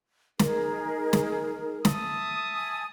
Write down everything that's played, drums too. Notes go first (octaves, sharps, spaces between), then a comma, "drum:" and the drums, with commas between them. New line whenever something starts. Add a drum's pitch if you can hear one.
D#4 G#4 A#4, drum: snare
drum: snare
E5 A5 D#6, drum: snare
G#5